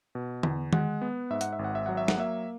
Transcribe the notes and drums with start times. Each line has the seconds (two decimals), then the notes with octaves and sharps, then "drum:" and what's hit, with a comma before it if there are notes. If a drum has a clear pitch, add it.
0.15 B2
0.43 E2, drum: tom D3
0.73 G#3 F#5, drum: tom D#3
1.01 B3
1.30 G#2 E5
1.41 F#5, drum: hi-hat
1.53 E5
1.59 G#1
1.64 F#5
1.75 E5
1.86 F#3 F#5
1.97 E5
2.08 F#5, drum: snare
2.17 A#3 E5